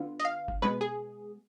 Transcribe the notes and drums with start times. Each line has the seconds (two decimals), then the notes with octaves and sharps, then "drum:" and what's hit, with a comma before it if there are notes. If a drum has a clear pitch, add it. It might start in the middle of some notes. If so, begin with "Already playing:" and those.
Already playing: D3 B3 F4
0.20 D#5, drum: hi-hat
0.25 F5
0.48 drum: kick
0.62 B2 G#3 B3 B4
0.81 G#4